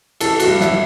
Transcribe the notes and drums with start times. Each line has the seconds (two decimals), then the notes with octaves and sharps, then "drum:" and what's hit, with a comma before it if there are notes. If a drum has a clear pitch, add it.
0.20 E3 A4, drum: cymbal
0.40 F#4, drum: cymbal
0.47 G2
0.60 E4, drum: snare